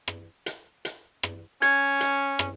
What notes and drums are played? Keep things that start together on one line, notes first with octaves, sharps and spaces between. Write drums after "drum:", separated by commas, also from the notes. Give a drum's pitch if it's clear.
drum: rim click
drum: hi-hat
drum: hi-hat
drum: rim click
C#4 G#6, drum: hi-hat
drum: hi-hat
drum: rim click